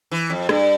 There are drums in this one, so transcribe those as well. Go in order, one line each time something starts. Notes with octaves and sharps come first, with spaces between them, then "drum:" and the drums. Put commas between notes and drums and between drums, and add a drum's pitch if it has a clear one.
E3
F2
G2, drum: rim click